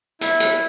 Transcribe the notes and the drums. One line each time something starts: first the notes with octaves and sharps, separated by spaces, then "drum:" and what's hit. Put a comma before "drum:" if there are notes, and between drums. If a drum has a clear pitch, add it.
E4, drum: hi-hat
drum: hi-hat